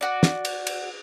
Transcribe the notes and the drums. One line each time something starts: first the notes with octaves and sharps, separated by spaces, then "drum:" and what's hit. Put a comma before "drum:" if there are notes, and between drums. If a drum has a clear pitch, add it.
F#4 D5
drum: snare
drum: cymbal
drum: cymbal